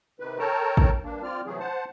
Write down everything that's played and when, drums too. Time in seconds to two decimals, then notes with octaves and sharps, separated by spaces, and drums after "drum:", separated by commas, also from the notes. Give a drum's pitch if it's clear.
0.20 C3 D#3 B4
0.39 A4 A#4 C#5 G5 A5 A#5
0.77 drum: kick
1.04 G2 A#3 D4
1.23 C4 F4 D5 F6
1.46 C3 E3 F#3 A3 G#4
1.60 C5 F#5 A5